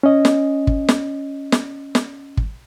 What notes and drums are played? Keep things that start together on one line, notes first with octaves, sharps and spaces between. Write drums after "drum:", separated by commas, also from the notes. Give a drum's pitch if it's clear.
C#4 D#5
drum: snare
drum: kick
drum: snare
drum: snare
drum: snare
drum: kick